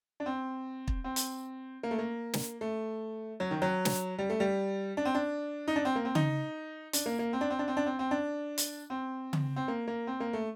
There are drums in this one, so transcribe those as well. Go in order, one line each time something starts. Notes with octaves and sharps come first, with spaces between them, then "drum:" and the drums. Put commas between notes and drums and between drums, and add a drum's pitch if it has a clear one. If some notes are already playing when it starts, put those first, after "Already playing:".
D4
C4
drum: kick
C4
drum: hi-hat
A#3
A3
A#3
drum: snare
A3
F#3
D#3
F#3
drum: snare
G3
A3
G3
D4
C4
D4
D#4
D4
C4
A#3
C4
D#4, drum: tom C#3
D4, drum: hi-hat
A#3
A#3
C4
D4
C4
D4
C4
D4
C4
C4
D4
drum: hi-hat
C4
drum: tom C#3
C4
A#3
A#3
C4
A#3
A3